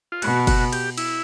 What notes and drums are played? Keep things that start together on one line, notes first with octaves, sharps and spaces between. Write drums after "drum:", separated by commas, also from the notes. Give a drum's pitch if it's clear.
F4
B2 F#4, drum: cymbal
F#4, drum: kick F#1, cymbal
G4, drum: cymbal
E4, drum: cymbal